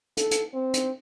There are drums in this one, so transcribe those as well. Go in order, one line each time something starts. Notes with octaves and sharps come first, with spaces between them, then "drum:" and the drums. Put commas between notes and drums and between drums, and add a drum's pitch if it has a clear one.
A4, drum: hi-hat
drum: hi-hat
C4
drum: hi-hat